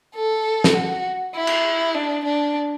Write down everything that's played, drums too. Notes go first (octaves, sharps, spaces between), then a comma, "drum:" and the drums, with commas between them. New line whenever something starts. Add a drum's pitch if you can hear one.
A4
drum: snare
F#4
E4
drum: cymbal
D4
D4